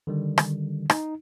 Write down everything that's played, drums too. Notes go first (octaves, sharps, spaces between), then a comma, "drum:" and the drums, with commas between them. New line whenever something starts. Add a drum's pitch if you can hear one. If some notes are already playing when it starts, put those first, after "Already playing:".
D3 D#3 G3
drum: rim click
D#4, drum: rim click